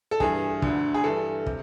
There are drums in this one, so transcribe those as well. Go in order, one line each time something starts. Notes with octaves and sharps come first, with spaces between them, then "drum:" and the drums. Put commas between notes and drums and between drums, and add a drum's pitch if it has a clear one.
A4
G2 E3 G#4, drum: kick
D2 D3, drum: kick
G#4
G2 E3 A4
C3, drum: kick